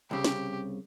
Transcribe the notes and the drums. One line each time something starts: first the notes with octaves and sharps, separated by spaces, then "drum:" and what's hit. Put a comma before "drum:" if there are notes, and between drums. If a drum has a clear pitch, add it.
C2 C#3 G4
drum: snare